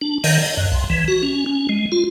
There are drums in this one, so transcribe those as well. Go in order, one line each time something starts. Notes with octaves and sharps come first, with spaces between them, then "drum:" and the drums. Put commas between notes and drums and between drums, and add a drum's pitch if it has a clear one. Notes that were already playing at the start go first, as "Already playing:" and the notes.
D4
D#3, drum: open hi-hat
D#5
F#2
C2
E3
F#4
C#4
C#4
G#3
F4